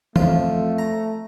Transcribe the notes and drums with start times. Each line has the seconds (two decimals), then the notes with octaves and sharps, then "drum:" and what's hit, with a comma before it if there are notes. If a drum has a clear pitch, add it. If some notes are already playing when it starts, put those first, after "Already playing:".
0.16 F2 A3 F4, drum: tom E3
0.78 A#5